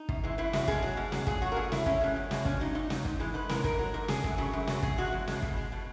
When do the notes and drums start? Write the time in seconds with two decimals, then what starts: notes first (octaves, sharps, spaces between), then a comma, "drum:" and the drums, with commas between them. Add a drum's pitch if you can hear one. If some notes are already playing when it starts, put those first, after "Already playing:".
Already playing: D#4
0.09 F#2, drum: kick
0.24 E3 G#3
0.38 F#2 E4
0.53 E3 G#3 F#4, drum: snare
0.67 B2 G#4, drum: kick
0.83 F#3
0.97 B2
1.12 F#3, drum: snare
1.27 A#2 G#4, drum: kick
1.42 F#3 F#4
1.52 A#4
1.57 A#2 G#4
1.72 F#3 E4, drum: snare
1.86 E2 C#4, drum: kick
2.01 B2 G#3
2.16 E2
2.31 B2 G#3, drum: snare
2.45 A#2 C#4, drum: kick
2.60 F#3 D#4
2.75 A#2 D#4
2.90 F#3, drum: snare
3.05 G#2, drum: kick
3.20 E3 G#3
3.34 G#2 B4
3.49 E3 G#3 A#4, drum: snare
3.64 G#2 A#4, drum: kick
3.79 F#3
3.94 G#2 A#4
4.08 F#3 G#4, drum: snare
4.24 F#2, drum: kick
4.38 C#3 F#3
4.53 F#2
4.67 C#3 F#3, drum: snare
4.83 E2 G#4, drum: kick
4.98 B2 G#3 F#4
5.12 E2
5.28 B2 G#3, drum: snare
5.42 B2, drum: kick
5.57 G#3
5.72 B2